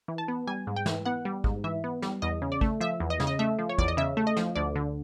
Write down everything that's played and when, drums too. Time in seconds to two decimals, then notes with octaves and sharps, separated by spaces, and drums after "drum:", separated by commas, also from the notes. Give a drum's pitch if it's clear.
0.08 E3
0.18 A5
0.28 B3
0.47 G3 G#5
0.67 G#2
0.76 G5
0.86 E3, drum: snare
1.05 B3 F#5
1.25 G3
1.44 G#2, drum: kick
1.64 E3 E5
1.84 B3
2.02 G3, drum: snare
2.22 E2 D#5
2.42 C#3
2.52 D5
2.61 A3, drum: kick
2.81 F3 E5
3.00 E2
3.10 D#5
3.20 C#3, drum: snare
3.27 D#5
3.39 A3 E5
3.59 F3
3.69 C#5
3.78 E2 D5, drum: kick
3.88 D#5
3.97 C#3 E5
4.17 A3
4.27 D#5
4.37 F3, drum: snare
4.56 D2 D5
4.76 D3